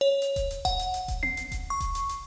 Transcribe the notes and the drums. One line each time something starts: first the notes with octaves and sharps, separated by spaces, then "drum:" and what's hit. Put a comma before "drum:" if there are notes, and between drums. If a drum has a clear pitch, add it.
C#5
drum: hi-hat
drum: kick D#1, hi-hat
drum: hi-hat
F#5, drum: kick D#1, hi-hat
drum: hi-hat
drum: hi-hat
drum: kick D#1, hi-hat
C7, drum: tom B3
drum: hi-hat
drum: kick D#1, hi-hat
C#6
drum: kick D#1, hi-hat
drum: hi-hat
drum: hi-hat